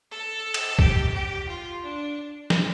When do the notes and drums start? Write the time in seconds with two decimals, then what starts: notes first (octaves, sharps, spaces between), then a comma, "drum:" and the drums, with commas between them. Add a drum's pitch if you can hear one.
0.11 A4
0.54 drum: cymbal
0.79 G4, drum: kick
1.14 G4
1.48 F4
1.83 D4
2.50 drum: snare